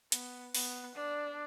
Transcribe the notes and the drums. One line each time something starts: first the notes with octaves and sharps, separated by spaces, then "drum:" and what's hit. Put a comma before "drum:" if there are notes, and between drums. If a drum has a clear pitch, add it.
B3, drum: hi-hat
B3, drum: open hi-hat
D4